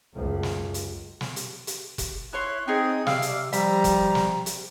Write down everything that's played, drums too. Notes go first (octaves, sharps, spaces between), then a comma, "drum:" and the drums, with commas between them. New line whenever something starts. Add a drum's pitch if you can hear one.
C#2 F#2
drum: snare
drum: hi-hat
drum: snare
drum: hi-hat
drum: hi-hat
drum: kick F1, hi-hat
E4 C#5 C6 F#6
C4 D#4 G#4 D#6
C3 D5 F5 E6, drum: snare
drum: hi-hat
F3 G3 A#5 B5, drum: hi-hat
drum: kick F1, hi-hat
drum: snare
drum: hi-hat